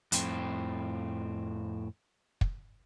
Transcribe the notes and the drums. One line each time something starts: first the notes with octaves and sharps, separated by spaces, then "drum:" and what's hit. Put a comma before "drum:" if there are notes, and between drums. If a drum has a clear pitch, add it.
F2 A2 C4, drum: hi-hat
drum: kick